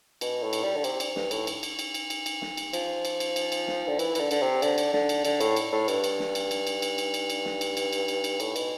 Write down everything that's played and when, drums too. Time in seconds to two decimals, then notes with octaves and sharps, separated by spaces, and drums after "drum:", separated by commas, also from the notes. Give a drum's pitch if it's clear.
0.21 B2, drum: cymbal
0.42 A2
0.53 drum: cymbal
0.63 G3
0.76 D3
0.84 C3, drum: cymbal
1.00 drum: cymbal
1.16 G2, drum: snare
1.31 A2, drum: cymbal
1.47 drum: cymbal
1.63 drum: cymbal
1.79 drum: cymbal
1.94 drum: cymbal
2.10 drum: cymbal
2.26 drum: cymbal
2.42 drum: snare
2.57 drum: cymbal
2.73 F3, drum: cymbal
3.05 drum: cymbal
3.20 drum: cymbal
3.36 drum: cymbal
3.52 drum: cymbal
3.68 drum: snare
3.87 D3
3.99 E3, drum: cymbal
4.15 E3, drum: cymbal
4.20 D3
4.31 D3, drum: cymbal
4.41 C3
4.62 D3, drum: cymbal
4.78 drum: cymbal
4.93 D3, drum: snare
5.09 drum: cymbal
5.25 D3, drum: cymbal
5.41 A2, drum: cymbal
5.56 drum: cymbal
5.72 A2
5.88 G2, drum: cymbal
6.04 drum: cymbal
6.19 drum: snare
6.35 drum: cymbal
6.51 drum: cymbal
6.67 drum: cymbal
6.82 drum: cymbal
6.98 drum: cymbal
7.14 drum: cymbal
7.30 drum: cymbal
7.45 drum: snare
7.61 drum: cymbal
7.77 drum: cymbal
7.93 drum: cymbal
8.08 drum: cymbal
8.24 drum: cymbal
8.40 A2, drum: cymbal
8.56 B2, drum: cymbal